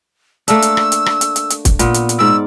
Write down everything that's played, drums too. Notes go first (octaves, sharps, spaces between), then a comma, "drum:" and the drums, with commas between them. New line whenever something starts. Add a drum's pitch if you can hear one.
A3 A#3 D4 E6, drum: hi-hat
drum: hi-hat
drum: rim click
drum: hi-hat
drum: rim click
drum: hi-hat
drum: hi-hat
drum: hi-hat
drum: kick, hi-hat
A#2 B3, drum: hi-hat
drum: hi-hat
drum: hi-hat
G#2 D5 E6